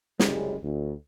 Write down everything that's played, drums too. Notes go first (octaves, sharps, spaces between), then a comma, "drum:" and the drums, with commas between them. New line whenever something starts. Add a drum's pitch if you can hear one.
C2 F#2 C#3 G3 G#3, drum: snare
D2